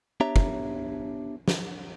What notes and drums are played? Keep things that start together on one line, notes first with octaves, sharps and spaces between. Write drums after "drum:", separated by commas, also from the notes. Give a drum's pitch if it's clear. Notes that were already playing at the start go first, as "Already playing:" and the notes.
B3 D4 G4 C#5 E5 A#5
drum: kick
drum: snare